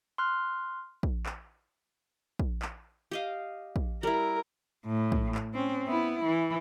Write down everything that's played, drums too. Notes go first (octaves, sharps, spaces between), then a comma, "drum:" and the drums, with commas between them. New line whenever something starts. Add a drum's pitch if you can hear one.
C6 F6 F#6
drum: kick
drum: clap
drum: kick
drum: clap
G4 D#5 F5
drum: kick
G3 E4 A#4
A2
drum: kick
drum: clap
C4 C#4
B3 E4
E3